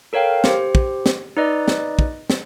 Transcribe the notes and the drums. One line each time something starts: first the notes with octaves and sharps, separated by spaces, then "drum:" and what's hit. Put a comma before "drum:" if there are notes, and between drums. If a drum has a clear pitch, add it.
A4 A#4 C#5 F5 G5
G4 C5, drum: snare
drum: kick
drum: snare
D#4 B4 D5 D#5
drum: snare
drum: kick
drum: snare